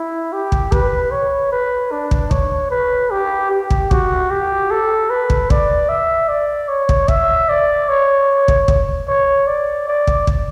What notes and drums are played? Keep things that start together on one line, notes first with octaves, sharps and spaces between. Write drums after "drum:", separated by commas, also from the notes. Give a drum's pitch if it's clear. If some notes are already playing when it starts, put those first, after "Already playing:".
Already playing: E4
G4
drum: kick
B4, drum: kick
C#5
B4
D4
drum: kick
C#5, drum: kick
B4
G4
G4
drum: kick
F#4, drum: kick
G4
A4
B4
drum: kick
D5, drum: kick
E5
D5
C#5
drum: kick
E5, drum: kick
D5
C#5
drum: kick
drum: kick
C#5
D5
D5
drum: kick
drum: kick